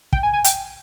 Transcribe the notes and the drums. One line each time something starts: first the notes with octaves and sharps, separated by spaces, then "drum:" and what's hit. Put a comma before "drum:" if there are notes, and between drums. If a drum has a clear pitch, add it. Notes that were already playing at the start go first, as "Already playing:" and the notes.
G5, drum: kick
G#5
G#5
G5, drum: hi-hat